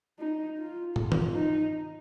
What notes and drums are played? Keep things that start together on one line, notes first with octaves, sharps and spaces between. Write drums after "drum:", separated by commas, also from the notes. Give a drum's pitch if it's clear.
D#4
F4
F4, drum: tom
drum: tom
D#4